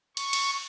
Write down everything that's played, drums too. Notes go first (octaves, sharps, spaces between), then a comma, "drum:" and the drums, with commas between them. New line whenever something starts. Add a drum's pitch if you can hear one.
C#6, drum: cymbal
drum: cymbal